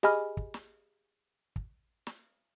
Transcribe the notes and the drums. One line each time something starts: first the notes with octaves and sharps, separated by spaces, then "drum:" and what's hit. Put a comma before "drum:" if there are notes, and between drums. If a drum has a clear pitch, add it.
G4 G#4 D#5 G#5 B5 F6, drum: snare
drum: kick
drum: snare
drum: kick
drum: snare